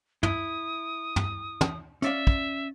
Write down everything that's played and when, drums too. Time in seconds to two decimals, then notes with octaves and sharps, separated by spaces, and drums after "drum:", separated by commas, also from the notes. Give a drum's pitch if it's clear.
0.23 E4 D#6, drum: tom
1.16 drum: tom
1.61 drum: tom
2.02 C#4 D5 E5 F5, drum: hi-hat
2.27 drum: kick